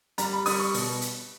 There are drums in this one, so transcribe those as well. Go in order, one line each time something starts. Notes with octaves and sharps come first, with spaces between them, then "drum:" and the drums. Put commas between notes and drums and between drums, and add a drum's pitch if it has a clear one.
G3 A#5, drum: hi-hat
B5
G3 D#6, drum: open hi-hat
C#6
B2, drum: open hi-hat
drum: hi-hat